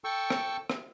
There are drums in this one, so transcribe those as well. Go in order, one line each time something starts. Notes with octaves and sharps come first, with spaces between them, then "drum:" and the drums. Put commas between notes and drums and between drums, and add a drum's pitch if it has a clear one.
A4 G5 A5 C#6 E6
drum: rim click
drum: rim click